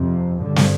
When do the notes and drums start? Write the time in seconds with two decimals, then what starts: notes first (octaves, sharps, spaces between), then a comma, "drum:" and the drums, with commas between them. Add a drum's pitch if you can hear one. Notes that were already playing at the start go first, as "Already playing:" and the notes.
Already playing: F2 C3
0.39 G2 D3
0.56 drum: snare